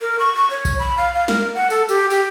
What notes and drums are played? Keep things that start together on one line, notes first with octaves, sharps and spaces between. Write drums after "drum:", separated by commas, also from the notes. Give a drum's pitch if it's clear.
A#4
C#6
C#6
C#5
drum: kick B1, tambourine
B5
F5
F5
A#4, drum: snare
F#5
A4, drum: tambourine
G4, drum: tambourine
G4, drum: tambourine